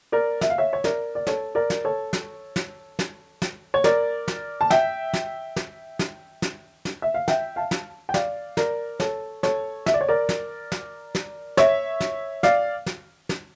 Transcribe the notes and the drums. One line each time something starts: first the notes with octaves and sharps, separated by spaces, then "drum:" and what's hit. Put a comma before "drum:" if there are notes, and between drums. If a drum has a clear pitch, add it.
A#4 D5
E5, drum: snare
F5
C#5 E5
C#5
A#4 D5, drum: snare
D5
A4 C#5, drum: snare
A#4 D5
drum: snare
A4 C#5
drum: snare
drum: snare
drum: snare
drum: snare
C#5
A#4 D5, drum: snare
drum: snare
A5
E5 G5, drum: snare
drum: snare
drum: snare
drum: snare
drum: snare
drum: snare
E5
F5
E5 G5, drum: snare
F5 A5
drum: snare
G5
D5 F5, drum: snare
A#4 D5, drum: snare
A4 C#5, drum: snare
A4 C#5, drum: snare
E5, drum: snare
D5
C#5
A#4 D5
drum: snare
drum: snare
drum: snare
C#5 E5, drum: snare
drum: snare
D5 F5, drum: snare
drum: snare
drum: snare